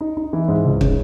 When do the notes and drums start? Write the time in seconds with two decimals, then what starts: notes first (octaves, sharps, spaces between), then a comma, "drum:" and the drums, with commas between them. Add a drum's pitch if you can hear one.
0.01 D#4
0.17 D#4
0.33 E3
0.48 G#2
0.65 C#2
0.81 C#3, drum: kick